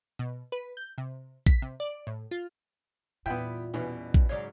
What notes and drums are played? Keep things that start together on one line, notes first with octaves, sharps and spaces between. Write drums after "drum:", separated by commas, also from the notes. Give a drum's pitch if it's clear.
B2
B4
G6
C3
B6, drum: kick
C3
D5
A2
F4
E2 A#2 G3 B3 E4 F4 G5
B2 E3 G3 C#4
drum: kick
G#2 C#3 F#3 C#5 D5